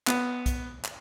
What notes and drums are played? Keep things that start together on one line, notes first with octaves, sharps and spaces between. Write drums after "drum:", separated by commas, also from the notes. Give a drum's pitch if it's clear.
B3, drum: clap
drum: kick B1, hi-hat
drum: clap